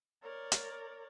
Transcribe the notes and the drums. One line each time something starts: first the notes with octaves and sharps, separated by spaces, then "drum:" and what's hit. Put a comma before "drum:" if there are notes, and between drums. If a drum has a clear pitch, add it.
A#4 C#5 D5
drum: hi-hat